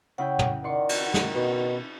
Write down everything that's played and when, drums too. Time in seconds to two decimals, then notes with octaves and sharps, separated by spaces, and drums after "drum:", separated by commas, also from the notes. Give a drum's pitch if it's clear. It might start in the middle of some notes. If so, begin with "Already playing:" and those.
0.18 C#3 E4 C#5 F#5 G5
0.39 drum: tom
0.64 D#3 D5 C6 C#6
0.89 drum: cymbal
1.14 drum: snare
1.35 B2